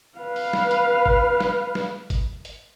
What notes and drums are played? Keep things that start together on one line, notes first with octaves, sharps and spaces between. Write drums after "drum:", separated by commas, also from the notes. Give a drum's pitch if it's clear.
B4 F5
drum: open hi-hat
drum: snare
drum: hi-hat
drum: kick G1
drum: snare
drum: snare
drum: kick G1, hi-hat
drum: hi-hat